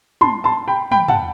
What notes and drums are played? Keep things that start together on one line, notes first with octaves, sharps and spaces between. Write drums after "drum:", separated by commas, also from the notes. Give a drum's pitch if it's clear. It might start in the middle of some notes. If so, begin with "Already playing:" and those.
A5 C6, drum: tom
A5 C6
G5 B5
G5 B5, drum: tom
F#5 A5, drum: tom